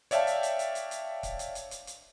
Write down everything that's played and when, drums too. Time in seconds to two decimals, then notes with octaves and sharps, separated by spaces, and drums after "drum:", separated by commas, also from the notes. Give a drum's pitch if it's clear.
0.11 C#5 D5 E5 F5 G5 A5, drum: hi-hat
0.27 drum: hi-hat
0.43 drum: hi-hat
0.59 drum: hi-hat
0.75 drum: hi-hat
0.91 drum: hi-hat
1.23 drum: kick C#1, hi-hat
1.39 drum: hi-hat
1.55 drum: hi-hat
1.71 drum: hi-hat
1.87 drum: hi-hat